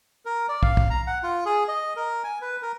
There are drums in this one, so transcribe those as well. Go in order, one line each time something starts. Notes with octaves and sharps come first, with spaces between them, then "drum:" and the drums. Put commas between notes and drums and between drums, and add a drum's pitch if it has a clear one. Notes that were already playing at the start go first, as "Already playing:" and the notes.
A#4
D5
F5, drum: kick
drum: kick
A#5
F#5
F4
G#4
D#5
A#4
G#5
B4
A#4